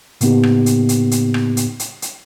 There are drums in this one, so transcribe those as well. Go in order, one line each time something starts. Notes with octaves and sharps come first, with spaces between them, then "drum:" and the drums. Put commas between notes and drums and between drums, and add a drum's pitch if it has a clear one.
A2 C#3 A#3 B3 D#4 G4, drum: hi-hat
drum: rim click
drum: hi-hat
drum: hi-hat
drum: hi-hat
drum: rim click
drum: hi-hat
drum: hi-hat
drum: hi-hat